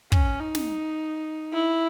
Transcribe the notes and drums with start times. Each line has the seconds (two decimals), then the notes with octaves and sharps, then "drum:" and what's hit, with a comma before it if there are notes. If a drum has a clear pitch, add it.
0.12 C#4, drum: kick
0.40 D#4
0.55 drum: snare
1.53 E4